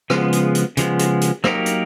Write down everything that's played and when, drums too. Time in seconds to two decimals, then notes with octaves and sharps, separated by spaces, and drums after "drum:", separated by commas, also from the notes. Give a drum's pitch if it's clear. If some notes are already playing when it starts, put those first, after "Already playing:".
0.10 C#3 F3 G#3 B3, drum: rim click
0.33 drum: hi-hat
0.55 drum: hi-hat
0.77 C#3 F3 G#3 B3, drum: hi-hat
0.99 drum: hi-hat
1.21 drum: hi-hat
1.44 F#3 A#3 D#4 G4 A#4, drum: rim click
1.66 drum: hi-hat